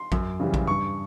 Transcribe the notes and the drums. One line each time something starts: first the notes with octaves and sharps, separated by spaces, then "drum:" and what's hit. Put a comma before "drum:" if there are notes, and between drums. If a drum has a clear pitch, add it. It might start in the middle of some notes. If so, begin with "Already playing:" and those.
Already playing: C6
F#2, drum: kick A#1
C#3 E3 G3
drum: kick A#1
G2 C#6